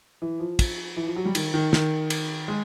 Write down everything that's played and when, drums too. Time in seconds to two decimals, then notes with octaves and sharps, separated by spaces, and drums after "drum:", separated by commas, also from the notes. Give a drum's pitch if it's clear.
0.22 E3
0.39 F3
0.59 drum: kick, cymbal
0.97 E3
1.07 F3
1.16 F#3
1.26 G3
1.35 D#3, drum: cymbal
1.54 D#3
1.73 D#3, drum: snare
2.10 drum: cymbal
2.48 G#3